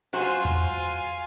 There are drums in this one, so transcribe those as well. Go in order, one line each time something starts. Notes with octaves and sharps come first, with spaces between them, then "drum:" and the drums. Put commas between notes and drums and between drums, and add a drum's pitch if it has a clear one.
F#3 F4 F#4 C5 G#5
drum: tom E2